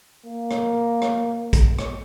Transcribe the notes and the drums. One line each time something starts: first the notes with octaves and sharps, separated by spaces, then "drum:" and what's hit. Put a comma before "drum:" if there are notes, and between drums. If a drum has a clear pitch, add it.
A#3
drum: rim click
drum: rim click
drum: kick, hi-hat
drum: rim click